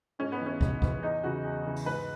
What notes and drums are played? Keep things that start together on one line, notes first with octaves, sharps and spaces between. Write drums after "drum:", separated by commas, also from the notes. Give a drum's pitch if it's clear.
G#2 C#4
B3
E3
C#4
G#2, drum: kick
E3, drum: kick
E2 D#4
C#3 E3 F#4
E2
C#3 E3
drum: open hi-hat
G#2 B4